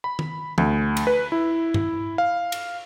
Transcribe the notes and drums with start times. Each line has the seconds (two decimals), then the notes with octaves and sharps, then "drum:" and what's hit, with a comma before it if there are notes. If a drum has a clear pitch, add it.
0.04 B5
0.19 drum: tom
0.58 D2, drum: tom
0.97 drum: cymbal
1.07 B4
1.32 E4
1.74 drum: tom
2.18 F5
2.52 drum: cymbal